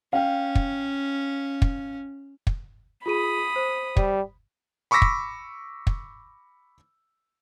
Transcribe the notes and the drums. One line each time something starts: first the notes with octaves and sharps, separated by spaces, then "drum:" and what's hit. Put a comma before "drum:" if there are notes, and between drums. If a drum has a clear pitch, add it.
C#4 F5 G5
drum: kick
drum: kick
drum: kick
F4 G#4 B5 D#6 D#7
C5
G3, drum: kick
B5 C#6 D6 E6 A#6 B6
drum: kick
drum: kick